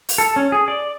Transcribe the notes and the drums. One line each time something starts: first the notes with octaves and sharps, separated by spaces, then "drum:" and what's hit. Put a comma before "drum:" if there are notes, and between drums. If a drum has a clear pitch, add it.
drum: open hi-hat
A4
C#4
G#4
D5